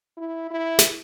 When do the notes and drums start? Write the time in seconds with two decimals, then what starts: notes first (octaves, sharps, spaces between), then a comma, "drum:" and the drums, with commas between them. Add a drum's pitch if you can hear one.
0.17 E4
0.51 E4
0.79 drum: snare